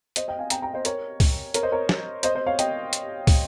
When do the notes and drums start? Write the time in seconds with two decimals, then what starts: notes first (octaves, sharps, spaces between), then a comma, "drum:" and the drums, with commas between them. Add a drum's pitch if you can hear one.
0.16 C5 D#5, drum: hi-hat
0.28 D#5 G5
0.39 F5 G#5
0.50 G5 A#5, drum: hi-hat
0.62 G5 A#5
0.74 C5 D#5
0.85 A#4 C#5, drum: hi-hat
1.20 drum: kick, open hi-hat
1.54 A#4 C#5, drum: hi-hat
1.63 C5 D#5
1.72 A#4 C#5
1.89 drum: snare
2.23 C5 D#5, drum: hi-hat
2.35 C5 D#5
2.46 C#5 F5
2.59 D#5 G5, drum: hi-hat
2.93 drum: hi-hat
3.27 drum: kick, open hi-hat